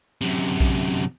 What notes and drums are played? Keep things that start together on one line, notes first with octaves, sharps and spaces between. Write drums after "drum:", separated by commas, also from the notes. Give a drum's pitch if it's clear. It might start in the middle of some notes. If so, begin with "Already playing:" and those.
F#2 C3
drum: kick A#1